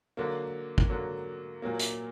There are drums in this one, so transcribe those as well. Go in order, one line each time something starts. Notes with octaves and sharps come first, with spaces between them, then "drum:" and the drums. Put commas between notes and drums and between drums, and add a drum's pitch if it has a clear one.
D3 F#3 A#3
drum: kick
D3 F#3 A#3
A#2 F#3 A#3
drum: hi-hat